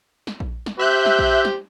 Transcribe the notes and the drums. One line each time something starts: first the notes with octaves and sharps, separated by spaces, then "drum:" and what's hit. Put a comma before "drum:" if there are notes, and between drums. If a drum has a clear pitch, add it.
drum: snare
drum: kick A#1
drum: snare
G4 C5 E5 F#6 G6
drum: snare
drum: kick A#1
drum: snare